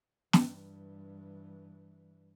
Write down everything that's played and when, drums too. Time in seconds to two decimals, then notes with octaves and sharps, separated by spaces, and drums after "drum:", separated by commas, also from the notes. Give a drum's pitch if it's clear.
0.33 G2 E3, drum: snare